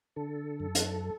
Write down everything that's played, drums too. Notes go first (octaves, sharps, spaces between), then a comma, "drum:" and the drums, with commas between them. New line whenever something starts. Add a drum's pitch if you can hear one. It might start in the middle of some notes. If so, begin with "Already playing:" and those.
D3 A4
F#2
drum: hi-hat